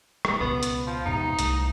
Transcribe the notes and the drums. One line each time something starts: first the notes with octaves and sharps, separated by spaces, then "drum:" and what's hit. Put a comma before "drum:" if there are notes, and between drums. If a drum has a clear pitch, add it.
drum: rim click
C#2 B2 B3
drum: hi-hat
F3
E2 G#2 C3 D#4
C2 A3, drum: hi-hat